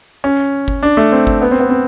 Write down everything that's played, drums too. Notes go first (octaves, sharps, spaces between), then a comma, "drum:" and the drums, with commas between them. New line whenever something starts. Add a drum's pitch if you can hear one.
C#4
drum: kick G1
D4
A3
C4
drum: kick G1
B3
C4
B3
C4